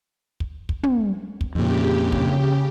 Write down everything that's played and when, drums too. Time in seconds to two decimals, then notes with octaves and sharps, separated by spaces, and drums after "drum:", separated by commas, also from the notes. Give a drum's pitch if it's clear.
0.40 drum: kick
0.69 drum: kick
0.83 drum: tom
1.41 drum: kick
1.55 F2 A#2 C#3 G4
2.12 drum: kick